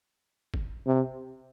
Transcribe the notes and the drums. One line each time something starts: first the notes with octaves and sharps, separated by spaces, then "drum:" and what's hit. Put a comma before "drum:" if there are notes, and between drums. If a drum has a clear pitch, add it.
drum: kick
C3